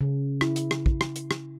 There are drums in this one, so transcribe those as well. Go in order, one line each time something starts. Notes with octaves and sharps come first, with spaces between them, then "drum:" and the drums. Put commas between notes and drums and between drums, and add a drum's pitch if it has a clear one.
C#3
E4, drum: rim click
drum: hi-hat
drum: rim click
drum: kick
drum: rim click
drum: hi-hat
drum: rim click